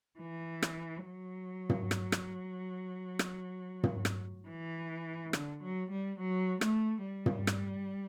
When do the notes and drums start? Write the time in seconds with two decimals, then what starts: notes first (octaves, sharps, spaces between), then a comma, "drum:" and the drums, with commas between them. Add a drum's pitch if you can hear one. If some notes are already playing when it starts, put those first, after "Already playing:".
0.20 E3
0.62 drum: rim click
1.05 F#3
1.69 drum: tom
1.91 drum: rim click
2.12 drum: rim click
3.19 drum: rim click
3.83 drum: tom
4.05 drum: rim click
4.48 E3
5.33 D3, drum: rim click
5.62 F#3
5.91 G3
6.19 F#3
6.61 A3, drum: rim click
7.04 G3
7.26 drum: tom
7.47 drum: rim click